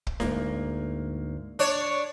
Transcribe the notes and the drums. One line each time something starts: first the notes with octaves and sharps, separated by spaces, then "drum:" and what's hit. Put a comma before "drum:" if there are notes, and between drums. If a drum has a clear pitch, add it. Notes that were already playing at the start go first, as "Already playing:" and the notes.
drum: kick
D2 G#2 A#3, drum: snare E4
D4 C#5, drum: hi-hat